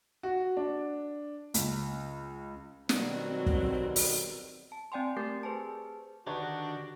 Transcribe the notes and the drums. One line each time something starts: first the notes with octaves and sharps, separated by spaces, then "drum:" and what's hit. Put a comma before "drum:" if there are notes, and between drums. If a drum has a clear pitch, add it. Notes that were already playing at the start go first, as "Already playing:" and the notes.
F#4
D4
C#2, drum: hi-hat
B2 D#3 F#3 G3 C4, drum: snare
drum: kick
drum: open hi-hat
A5
C4 D5 G5 G#5 C6
A3 G4 A#4 D6 G6 A6
G#4 B4 C5 G#5 A5
D3 D#3 D4 F#4 G4 B4 C#5 A#5